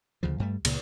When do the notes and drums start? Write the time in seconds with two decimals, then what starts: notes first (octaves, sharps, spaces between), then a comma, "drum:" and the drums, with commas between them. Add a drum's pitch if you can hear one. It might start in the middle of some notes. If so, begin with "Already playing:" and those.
0.23 D2 C#3 F3
0.40 G2 G3 A3
0.65 C#2 A#2 C#3, drum: cymbal